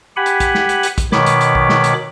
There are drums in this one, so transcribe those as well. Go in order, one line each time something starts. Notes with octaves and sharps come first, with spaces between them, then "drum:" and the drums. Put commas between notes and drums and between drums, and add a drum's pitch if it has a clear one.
G4 F#5 G#5 B5
drum: hi-hat
drum: kick, hi-hat
drum: snare
drum: hi-hat
drum: hi-hat
drum: kick, hi-hat
B2 D#3 C#5 B5 D6, drum: snare
drum: hi-hat
drum: hi-hat
drum: kick
drum: snare
drum: hi-hat